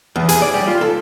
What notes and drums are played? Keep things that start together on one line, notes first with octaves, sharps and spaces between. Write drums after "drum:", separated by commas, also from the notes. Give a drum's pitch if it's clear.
E2
G#4, drum: hi-hat
D5
G3
F4
A4